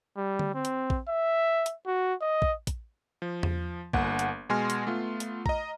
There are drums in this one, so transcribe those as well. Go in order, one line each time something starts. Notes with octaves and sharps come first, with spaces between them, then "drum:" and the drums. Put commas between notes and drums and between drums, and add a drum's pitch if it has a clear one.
G3
drum: tom D3
C4
drum: hi-hat
drum: kick
E5
drum: hi-hat
F#4
D#5
drum: kick
drum: kick, hi-hat
F3
drum: tom E2
G1 A#3 F#5, drum: kick
drum: hi-hat
B2 G#3 G#5 C6 F6
drum: hi-hat
A3 B3 F4
drum: hi-hat
D#5 A#5, drum: kick